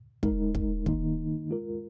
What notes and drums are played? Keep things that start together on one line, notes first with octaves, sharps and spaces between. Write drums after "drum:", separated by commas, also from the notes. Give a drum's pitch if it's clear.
G#3 D#4 A#4, drum: kick
drum: kick
D#3 A#3 D#4, drum: kick
G#3 F4 A#4